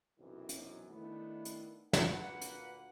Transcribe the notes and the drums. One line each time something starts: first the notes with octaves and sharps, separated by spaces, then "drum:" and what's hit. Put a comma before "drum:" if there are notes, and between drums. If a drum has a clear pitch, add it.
B1 F#2 C3 E3
drum: hi-hat
D#3 A3 B3 D4 E4
drum: hi-hat
D2 A#2 A#3 B4 F#5, drum: snare
drum: hi-hat